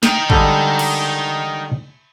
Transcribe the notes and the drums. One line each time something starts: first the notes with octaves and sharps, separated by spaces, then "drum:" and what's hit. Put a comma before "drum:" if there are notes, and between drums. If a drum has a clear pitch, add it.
D#4 G5, drum: snare
D3 G3 G#3, drum: kick G#1
drum: cymbal